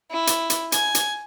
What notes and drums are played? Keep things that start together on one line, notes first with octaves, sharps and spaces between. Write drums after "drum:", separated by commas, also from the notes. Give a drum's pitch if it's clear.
E4
drum: hi-hat
drum: hi-hat
G#5 G#6, drum: hi-hat
drum: hi-hat